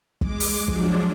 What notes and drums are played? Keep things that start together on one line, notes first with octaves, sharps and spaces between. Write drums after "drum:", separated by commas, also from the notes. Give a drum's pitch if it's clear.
G#3 D6, drum: kick
drum: open hi-hat
F3 F#3 G#3 D4, drum: kick